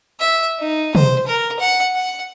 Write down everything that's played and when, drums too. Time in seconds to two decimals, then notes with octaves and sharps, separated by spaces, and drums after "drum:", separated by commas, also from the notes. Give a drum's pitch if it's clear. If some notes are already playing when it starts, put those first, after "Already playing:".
0.20 E5
0.59 D#4
0.95 C5, drum: tom
1.27 A#4
1.59 F#5
1.95 F#5